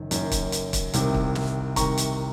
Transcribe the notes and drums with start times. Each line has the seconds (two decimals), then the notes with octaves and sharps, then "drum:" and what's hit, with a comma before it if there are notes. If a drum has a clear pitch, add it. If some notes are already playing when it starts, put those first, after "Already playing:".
Already playing: F#1 F#2 D#3
0.11 F#1 F#2 D#3, drum: hi-hat
0.31 drum: kick, hi-hat
0.52 drum: hi-hat
0.73 drum: kick, hi-hat
0.93 C2 C3 D#3, drum: hi-hat
1.14 drum: kick
1.35 drum: snare
1.76 C2 C3 D#3 A#5 C#6, drum: kick, hi-hat
1.97 drum: hi-hat